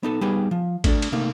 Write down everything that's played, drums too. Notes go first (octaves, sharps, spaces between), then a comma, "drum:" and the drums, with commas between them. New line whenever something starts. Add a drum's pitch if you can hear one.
B3 D#4 A4
G3 B3 D#4 G4 G#4 B4
F3
A3 D4 A4, drum: kick G#1, cymbal
drum: cymbal
C3 A3 A#3 D#4